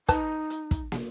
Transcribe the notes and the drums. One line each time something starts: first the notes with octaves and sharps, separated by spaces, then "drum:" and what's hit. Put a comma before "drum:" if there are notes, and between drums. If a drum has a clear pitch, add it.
D#4 B4 D#5 A5, drum: kick, hi-hat
drum: hi-hat
drum: kick, hi-hat
drum: snare